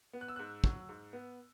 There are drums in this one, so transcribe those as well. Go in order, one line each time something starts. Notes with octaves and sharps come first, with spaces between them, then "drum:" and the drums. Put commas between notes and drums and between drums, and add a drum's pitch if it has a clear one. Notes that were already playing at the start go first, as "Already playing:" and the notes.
B3
F#6
E6
G#2 F#6
F#3, drum: kick
G#2
B3